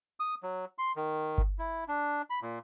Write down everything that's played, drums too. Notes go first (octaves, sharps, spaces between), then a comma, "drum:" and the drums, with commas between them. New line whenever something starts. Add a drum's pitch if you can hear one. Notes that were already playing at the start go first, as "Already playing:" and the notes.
D#6
F#3
C6
D#3
drum: kick G1
E4
D4
B5
A#2